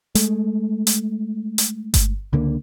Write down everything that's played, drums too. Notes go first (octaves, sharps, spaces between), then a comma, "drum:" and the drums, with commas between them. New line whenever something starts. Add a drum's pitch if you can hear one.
G#3 A3, drum: hi-hat
drum: hi-hat
drum: hi-hat
drum: kick G1, hi-hat
C#2 D3 A#3